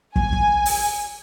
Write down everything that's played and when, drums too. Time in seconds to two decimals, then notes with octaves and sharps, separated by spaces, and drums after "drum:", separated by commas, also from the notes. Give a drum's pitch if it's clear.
0.16 G#5, drum: kick
0.33 drum: kick
0.66 drum: open hi-hat